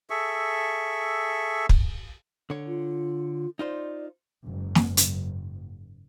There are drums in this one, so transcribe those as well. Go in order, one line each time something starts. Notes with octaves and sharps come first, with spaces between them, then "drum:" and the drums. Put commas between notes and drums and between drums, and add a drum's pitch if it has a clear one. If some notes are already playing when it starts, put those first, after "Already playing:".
G#4 A4 E5 C#6
drum: kick
D3 C#5
F4
D#4 F4 C5 D5
F#1 G#2
drum: snare
drum: hi-hat